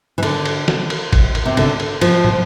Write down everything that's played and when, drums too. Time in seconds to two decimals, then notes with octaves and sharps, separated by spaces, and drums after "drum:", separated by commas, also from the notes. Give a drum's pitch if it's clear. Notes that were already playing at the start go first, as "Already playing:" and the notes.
0.18 E3
0.23 D3, drum: cymbal
0.45 drum: cymbal
0.68 drum: snare
0.90 drum: cymbal
1.13 drum: kick, cymbal
1.35 drum: cymbal
1.46 C3
1.57 D3, drum: cymbal
1.80 drum: cymbal
2.01 F3, drum: cymbal
2.24 drum: tom